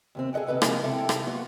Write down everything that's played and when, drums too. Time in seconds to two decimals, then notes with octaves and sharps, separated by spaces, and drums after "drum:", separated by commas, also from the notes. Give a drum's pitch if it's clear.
0.15 D#2 C3 C4
0.33 G#4 A4 D#5 F#5 G5
0.46 D#2 C3 A4 B4 D#5 F#5
0.62 C3 F3 G#3 A#3 E4, drum: rim click
0.83 D2 C3 E4 A4 G5
1.09 drum: rim click
1.25 F#2 A#3 B3 F4 F#4 F#5